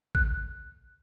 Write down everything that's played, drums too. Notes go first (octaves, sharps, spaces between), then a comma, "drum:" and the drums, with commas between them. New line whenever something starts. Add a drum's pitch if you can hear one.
F#6, drum: kick A1